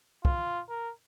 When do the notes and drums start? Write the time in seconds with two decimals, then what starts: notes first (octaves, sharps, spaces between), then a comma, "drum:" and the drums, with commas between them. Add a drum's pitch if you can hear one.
0.25 F4, drum: kick
0.69 A#4